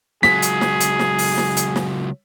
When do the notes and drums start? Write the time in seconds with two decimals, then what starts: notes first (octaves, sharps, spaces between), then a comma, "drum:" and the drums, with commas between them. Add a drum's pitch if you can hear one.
0.23 C#2 F#3 G#4 B6, drum: snare
0.42 drum: hi-hat
0.61 drum: snare
0.80 drum: hi-hat
0.99 drum: snare
1.18 drum: open hi-hat
1.38 drum: snare
1.57 drum: hi-hat
1.76 drum: snare